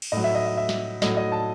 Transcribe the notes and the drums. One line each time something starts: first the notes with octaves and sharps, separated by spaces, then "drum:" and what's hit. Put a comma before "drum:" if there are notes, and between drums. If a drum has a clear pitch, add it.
drum: cymbal
A2 F#3 D#5
E5
D#5
E5
E5
drum: snare
A2 F#3 D#5, drum: snare
D#5
A5